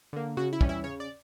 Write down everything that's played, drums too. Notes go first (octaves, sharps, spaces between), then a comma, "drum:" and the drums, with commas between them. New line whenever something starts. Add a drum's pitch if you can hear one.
D3 A#3
C#3 F#4
E4
E3 G3 C#4, drum: kick
E4
C#3 C#5
D5